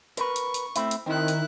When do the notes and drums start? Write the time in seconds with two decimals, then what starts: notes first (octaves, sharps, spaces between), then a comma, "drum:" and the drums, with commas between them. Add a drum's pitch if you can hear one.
0.17 A#4 B4 C#6, drum: hi-hat
0.36 drum: hi-hat
0.54 drum: hi-hat
0.76 A3 C4 E4, drum: hi-hat
0.91 drum: hi-hat
1.06 D#3 C4 E4 F#6
1.28 drum: hi-hat